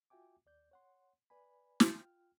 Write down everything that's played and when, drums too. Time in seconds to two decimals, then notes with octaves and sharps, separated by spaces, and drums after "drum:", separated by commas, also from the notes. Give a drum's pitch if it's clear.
0.10 F4 F#4 E5 G5 G#5 D6
0.46 D#2 D5 G6
0.71 C#5 F#5 C6
1.30 B4 D5 G#5 B5
1.80 drum: snare
1.96 F4 G5 F6